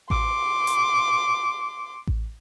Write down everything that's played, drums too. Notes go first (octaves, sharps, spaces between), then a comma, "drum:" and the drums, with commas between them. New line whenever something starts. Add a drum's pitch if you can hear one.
C6 D6, drum: kick A1
drum: hi-hat
drum: kick A1